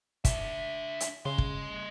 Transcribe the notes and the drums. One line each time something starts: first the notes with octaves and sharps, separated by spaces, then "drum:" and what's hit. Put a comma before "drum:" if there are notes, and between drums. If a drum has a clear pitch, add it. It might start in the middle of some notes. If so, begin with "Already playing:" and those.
D4 E5, drum: kick, hi-hat
drum: hi-hat
C#3 D#5 C6
drum: kick